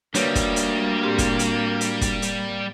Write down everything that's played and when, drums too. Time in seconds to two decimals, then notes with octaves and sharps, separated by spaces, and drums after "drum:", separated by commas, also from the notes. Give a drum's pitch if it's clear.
0.15 G3 A#3 D4 F#4 B4 C#5 D5, drum: hi-hat
0.35 drum: kick, hi-hat
0.56 drum: hi-hat
1.03 A2 C4 G4
1.18 drum: kick, hi-hat
1.39 drum: hi-hat
1.81 drum: hi-hat
2.01 drum: kick, hi-hat
2.22 drum: hi-hat